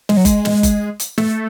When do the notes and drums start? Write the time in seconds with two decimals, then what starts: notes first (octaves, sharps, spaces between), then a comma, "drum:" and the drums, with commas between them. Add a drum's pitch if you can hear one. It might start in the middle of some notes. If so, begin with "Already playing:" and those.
0.09 G#3, drum: snare
0.17 F#3
0.25 G#3, drum: kick F#1, hi-hat
0.45 drum: snare
0.63 drum: kick F#1, hi-hat
1.00 drum: hi-hat
1.18 A3, drum: snare